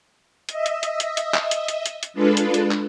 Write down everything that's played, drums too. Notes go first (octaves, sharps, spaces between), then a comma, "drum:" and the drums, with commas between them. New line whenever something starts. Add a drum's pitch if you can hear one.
D#5 E5, drum: hi-hat
drum: hi-hat
drum: hi-hat
drum: hi-hat
drum: hi-hat
drum: clap
drum: hi-hat
drum: hi-hat
drum: hi-hat
drum: hi-hat
G#3 D4 F4 A4 B4
drum: hi-hat
drum: hi-hat
drum: clap